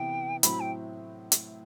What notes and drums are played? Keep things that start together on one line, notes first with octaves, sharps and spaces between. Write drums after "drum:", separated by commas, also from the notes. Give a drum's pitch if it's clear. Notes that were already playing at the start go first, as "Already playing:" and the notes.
Already playing: C3 E3 B3 G5
A2 F#3 C4 E4 B5, drum: hi-hat
G5
drum: hi-hat